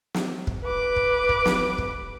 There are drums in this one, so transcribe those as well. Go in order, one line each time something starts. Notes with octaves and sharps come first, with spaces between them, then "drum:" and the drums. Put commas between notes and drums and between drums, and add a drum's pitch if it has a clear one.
drum: snare
drum: kick
B4 D6
drum: kick
drum: kick
drum: snare
drum: kick